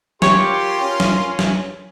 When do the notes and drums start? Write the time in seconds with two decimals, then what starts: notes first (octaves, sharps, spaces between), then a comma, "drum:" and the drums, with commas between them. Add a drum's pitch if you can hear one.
0.22 F4 G4 A#4 C#5 C6, drum: snare
0.81 C#4
1.00 drum: snare
1.39 drum: snare